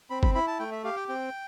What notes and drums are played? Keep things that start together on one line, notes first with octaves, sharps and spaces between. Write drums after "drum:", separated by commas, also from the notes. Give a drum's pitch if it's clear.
C4 B5
B5, drum: kick
E4 B5
A5
A3 G5
E5
G4 F5
G5
C4 G5